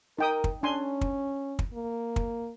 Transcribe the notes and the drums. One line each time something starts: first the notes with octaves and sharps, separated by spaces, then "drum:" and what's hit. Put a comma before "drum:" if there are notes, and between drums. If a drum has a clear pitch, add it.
D#4 A#4 G5 D#6
drum: kick
C#4 D4 G#5 C6
drum: kick
drum: kick
A#3
drum: kick